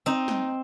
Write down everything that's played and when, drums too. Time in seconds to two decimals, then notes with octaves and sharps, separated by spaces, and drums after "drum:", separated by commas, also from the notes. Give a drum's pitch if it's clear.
0.06 C4 D#4
0.28 drum: snare